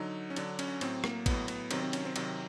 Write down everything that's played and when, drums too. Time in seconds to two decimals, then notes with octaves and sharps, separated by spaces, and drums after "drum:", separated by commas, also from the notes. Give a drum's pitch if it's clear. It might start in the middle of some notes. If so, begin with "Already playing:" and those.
Already playing: D3 F#3 D#4
0.30 C#4
0.36 D3 F#3 D4, drum: cymbal
0.59 C#4, drum: cymbal
0.81 A2 F#3 C4, drum: cymbal
1.04 A#3, drum: rim click
1.26 A2 F#3 B3, drum: kick A1, cymbal
1.48 B3, drum: cymbal
1.71 C3 D#3 F#3 C4, drum: cymbal
1.83 C4
1.93 C#4, drum: cymbal
2.05 C4
2.16 C3 D#3 F#3 C4, drum: cymbal